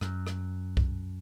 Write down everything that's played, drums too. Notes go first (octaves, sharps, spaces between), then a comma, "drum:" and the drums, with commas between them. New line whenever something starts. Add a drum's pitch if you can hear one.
F#2, drum: rim click
drum: rim click
drum: kick C2